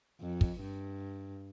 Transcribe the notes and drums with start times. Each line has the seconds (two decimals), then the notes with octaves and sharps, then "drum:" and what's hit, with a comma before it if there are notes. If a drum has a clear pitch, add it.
0.21 F2
0.41 drum: kick
0.61 G2